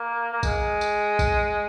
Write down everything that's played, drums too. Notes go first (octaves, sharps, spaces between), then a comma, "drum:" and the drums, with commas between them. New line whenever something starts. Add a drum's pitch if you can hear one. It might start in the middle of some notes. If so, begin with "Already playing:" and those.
Already playing: A#3
A#3
G#3, drum: kick A1, tambourine
drum: tambourine
drum: kick A1, tambourine